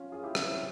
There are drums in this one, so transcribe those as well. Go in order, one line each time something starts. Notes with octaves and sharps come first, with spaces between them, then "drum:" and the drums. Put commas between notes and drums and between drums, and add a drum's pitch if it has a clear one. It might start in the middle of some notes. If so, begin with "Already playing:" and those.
Already playing: C#4 F4
F4 G#4
E4 G4
C#4 F4, drum: rim click
C4 E4